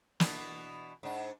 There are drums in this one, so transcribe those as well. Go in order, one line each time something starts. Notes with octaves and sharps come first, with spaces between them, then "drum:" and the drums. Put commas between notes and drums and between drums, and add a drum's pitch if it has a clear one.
B2 E3 D4, drum: snare
G#2 D4